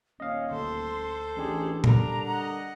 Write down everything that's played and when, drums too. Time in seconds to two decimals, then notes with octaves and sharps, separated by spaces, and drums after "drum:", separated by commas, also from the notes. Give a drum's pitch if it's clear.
0.20 D#1 C#4 D#5 F5
0.51 D2 A4 C5 C6
1.37 A1 E3 D4 G4 G#4
1.84 D3 G3 D4 A#4 A#5, drum: tom A#2
2.26 D#5 F#5